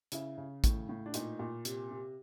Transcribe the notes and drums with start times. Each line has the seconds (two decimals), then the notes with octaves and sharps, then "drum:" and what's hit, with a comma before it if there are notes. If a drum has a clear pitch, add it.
0.12 C#3 E4, drum: hi-hat
0.38 C#3
0.64 A2, drum: kick A1, hi-hat
0.89 A2
1.06 D4
1.14 A#2 D#4, drum: hi-hat
1.39 A#2
1.65 C3, drum: hi-hat
1.91 C3